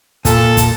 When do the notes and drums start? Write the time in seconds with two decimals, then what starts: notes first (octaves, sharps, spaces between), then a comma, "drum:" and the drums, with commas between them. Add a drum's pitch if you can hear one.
0.25 A#2 A4, drum: kick, hi-hat
0.57 drum: kick, hi-hat